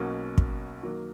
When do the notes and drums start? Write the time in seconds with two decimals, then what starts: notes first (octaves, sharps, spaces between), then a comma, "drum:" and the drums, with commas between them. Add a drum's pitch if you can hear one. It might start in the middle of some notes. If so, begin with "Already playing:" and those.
Already playing: B1 B2 A#3 C#4 F#4
0.38 drum: kick
0.83 D#3 F#3 A#3